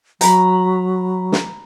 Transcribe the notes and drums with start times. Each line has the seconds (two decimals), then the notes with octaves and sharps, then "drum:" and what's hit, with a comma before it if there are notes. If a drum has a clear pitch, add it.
0.21 F#3 A#5 B5, drum: hi-hat
1.32 drum: snare